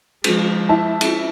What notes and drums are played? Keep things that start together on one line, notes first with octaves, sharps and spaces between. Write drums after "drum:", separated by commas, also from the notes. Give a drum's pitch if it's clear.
F3 G#3, drum: cymbal
E4 A5
drum: cymbal